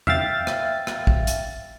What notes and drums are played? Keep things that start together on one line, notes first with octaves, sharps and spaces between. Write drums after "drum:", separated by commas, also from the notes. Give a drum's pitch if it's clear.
E5 F5 G5 A6, drum: tom E2
drum: rim click
drum: rim click
drum: kick
drum: hi-hat